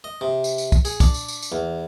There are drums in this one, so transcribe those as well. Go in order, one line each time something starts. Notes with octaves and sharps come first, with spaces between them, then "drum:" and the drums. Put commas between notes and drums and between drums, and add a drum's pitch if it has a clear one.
D#5
C3
drum: tambourine
drum: tambourine
drum: kick, tambourine
G#4, drum: tambourine
D4, drum: kick, tambourine
drum: tambourine
drum: tambourine
drum: tambourine
E2